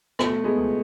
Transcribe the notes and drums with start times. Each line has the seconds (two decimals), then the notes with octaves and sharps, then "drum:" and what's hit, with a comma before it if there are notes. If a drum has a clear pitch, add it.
0.19 B2 A3, drum: rim click
0.44 G#3 B3
0.56 C#2